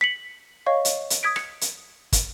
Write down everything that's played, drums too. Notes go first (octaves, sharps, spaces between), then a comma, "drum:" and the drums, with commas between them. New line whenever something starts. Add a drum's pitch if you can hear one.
B6 C#7 F#7
C#5 D#5 F5 C#6
drum: hi-hat
drum: hi-hat
D#6 G#6 B6 D7
C#7, drum: rim click
drum: hi-hat
drum: kick, hi-hat